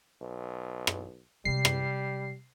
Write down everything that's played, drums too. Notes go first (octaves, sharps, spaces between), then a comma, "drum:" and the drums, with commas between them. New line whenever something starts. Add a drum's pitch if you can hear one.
B1
drum: rim click
C3 G3 G#3 C7
drum: rim click